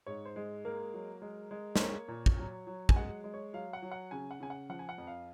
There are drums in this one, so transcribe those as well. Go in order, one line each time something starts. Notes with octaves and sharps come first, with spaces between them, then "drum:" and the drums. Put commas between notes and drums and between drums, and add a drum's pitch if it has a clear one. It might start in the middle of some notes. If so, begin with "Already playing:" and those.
G#2 C#5
C5
G#3
A#3 A#4
F#3
G#3
G#3
C5, drum: snare
A#3 C#5
A#2
drum: kick
F#3
F#3
G#5, drum: kick
G#3 F#5
G#3
C#5
F#3 F5
F#5
F#3
F#5
C#3 G#5
F#5
C#3 G#5
F#5
F3 F#5
G#5
F#5
F2
F5